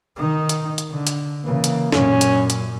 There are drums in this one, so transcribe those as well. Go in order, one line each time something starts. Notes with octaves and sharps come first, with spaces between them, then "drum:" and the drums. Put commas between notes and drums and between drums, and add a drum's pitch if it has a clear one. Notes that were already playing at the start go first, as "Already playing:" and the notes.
D#3 D#4
drum: hi-hat
drum: hi-hat
D3
drum: hi-hat
C#3 E3 A#3
drum: hi-hat
F#2 A#2 C#4, drum: snare
drum: hi-hat
drum: hi-hat